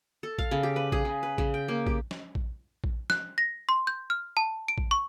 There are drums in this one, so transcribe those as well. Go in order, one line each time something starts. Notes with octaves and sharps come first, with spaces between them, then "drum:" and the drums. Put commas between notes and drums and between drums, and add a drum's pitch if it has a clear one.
A4
F5, drum: kick A#1
C#3
G4
B4
G#4, drum: kick A#1
C#3
B4
C#3, drum: kick A#1
G5
A#3
G4, drum: kick A#1
drum: snare
drum: kick A#1
drum: kick A#1
F#6, drum: snare
A#6
C6
G6
F6
A5
D7
drum: kick A#1
C#6